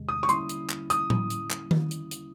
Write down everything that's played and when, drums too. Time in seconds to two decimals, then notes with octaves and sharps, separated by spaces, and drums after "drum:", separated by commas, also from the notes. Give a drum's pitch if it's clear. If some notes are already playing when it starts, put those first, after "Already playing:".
Already playing: E2 C3 D#3 G#3
0.09 D#6
0.23 C#6
0.29 D3 G3 A#3 C#4 E4 C6, drum: hi-hat
0.49 drum: hi-hat
0.70 drum: clap
0.90 D#6, drum: hi-hat
1.10 drum: tom A2
1.30 drum: hi-hat
1.51 drum: clap
1.71 drum: tom D#3
1.91 drum: hi-hat
2.11 drum: hi-hat